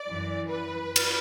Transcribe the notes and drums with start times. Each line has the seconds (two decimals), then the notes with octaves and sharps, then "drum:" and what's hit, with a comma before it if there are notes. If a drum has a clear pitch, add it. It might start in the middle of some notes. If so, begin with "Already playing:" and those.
Already playing: D5
0.08 F#2 E3
0.50 B4
0.96 drum: cymbal